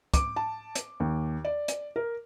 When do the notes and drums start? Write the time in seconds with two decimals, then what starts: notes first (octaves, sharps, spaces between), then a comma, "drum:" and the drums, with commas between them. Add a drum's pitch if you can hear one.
0.14 D6, drum: kick, hi-hat
0.36 A5
0.75 drum: hi-hat
1.00 D#2
1.45 D5
1.68 drum: hi-hat
1.96 A#4